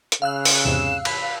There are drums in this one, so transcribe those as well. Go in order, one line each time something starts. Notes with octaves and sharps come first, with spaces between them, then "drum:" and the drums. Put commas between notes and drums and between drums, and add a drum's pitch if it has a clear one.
drum: hi-hat
C#3 F5 E6 F#6
drum: open hi-hat
E2 G#2 C3 E7
B5, drum: cymbal